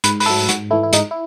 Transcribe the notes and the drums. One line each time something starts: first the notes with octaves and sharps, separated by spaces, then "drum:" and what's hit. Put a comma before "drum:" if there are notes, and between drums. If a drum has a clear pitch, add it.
G#2 B4, drum: hi-hat
B4, drum: open hi-hat
F#3 A3 A4
G#2 F#4, drum: hi-hat
E3 A3 E4
E4
G#2 D#4, drum: hi-hat
E4